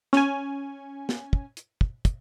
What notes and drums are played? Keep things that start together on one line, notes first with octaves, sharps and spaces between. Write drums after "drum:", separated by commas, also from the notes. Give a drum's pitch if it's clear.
C#4 G#5, drum: snare
drum: snare
drum: kick
drum: hi-hat
drum: kick
drum: kick, hi-hat